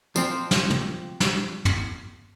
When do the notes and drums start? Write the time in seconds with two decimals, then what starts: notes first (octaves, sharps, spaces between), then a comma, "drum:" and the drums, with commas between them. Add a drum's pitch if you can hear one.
0.16 F3 C4, drum: tambourine
0.51 drum: snare
0.70 drum: tom
1.20 drum: snare
1.65 drum: tom